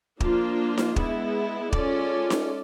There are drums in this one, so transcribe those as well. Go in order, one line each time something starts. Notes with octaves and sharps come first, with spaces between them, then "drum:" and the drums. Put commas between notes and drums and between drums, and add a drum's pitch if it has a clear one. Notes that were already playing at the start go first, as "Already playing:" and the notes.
F3 A#3 D4 F4, drum: kick
drum: snare D#4
G#3 B3 E4, drum: kick
G#3 C#4 F4 A4 D5, drum: kick
drum: snare D#4